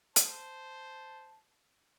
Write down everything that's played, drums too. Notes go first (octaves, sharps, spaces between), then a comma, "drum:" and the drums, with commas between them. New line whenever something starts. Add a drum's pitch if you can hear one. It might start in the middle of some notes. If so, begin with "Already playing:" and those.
C5 A5, drum: hi-hat